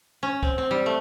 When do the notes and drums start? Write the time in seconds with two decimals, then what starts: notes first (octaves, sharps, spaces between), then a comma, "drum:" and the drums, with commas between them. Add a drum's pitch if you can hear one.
0.23 C#4
0.43 C4, drum: kick C#2
0.58 C4
0.71 G3
0.86 A3